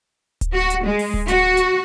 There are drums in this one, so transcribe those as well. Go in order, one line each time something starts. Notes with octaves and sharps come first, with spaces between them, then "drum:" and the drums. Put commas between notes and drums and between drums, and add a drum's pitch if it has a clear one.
drum: kick D1, hi-hat
F#4
drum: hi-hat
G#3
drum: open hi-hat
drum: kick D1
F#4, drum: hi-hat
drum: hi-hat